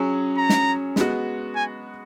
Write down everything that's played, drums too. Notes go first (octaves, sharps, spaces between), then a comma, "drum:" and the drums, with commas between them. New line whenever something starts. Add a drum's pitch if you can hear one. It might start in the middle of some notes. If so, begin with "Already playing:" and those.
Already playing: F#3 C#4 G#4
A#5
drum: snare
G#3 B3 F#4, drum: snare
G#5